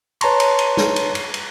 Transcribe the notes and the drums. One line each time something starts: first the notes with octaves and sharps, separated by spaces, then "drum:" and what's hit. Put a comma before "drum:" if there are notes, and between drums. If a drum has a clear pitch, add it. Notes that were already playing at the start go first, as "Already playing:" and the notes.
B4 C#5 A5 A#5 C6 C#6, drum: cymbal
drum: cymbal
drum: cymbal
drum: snare
drum: cymbal
drum: cymbal
drum: cymbal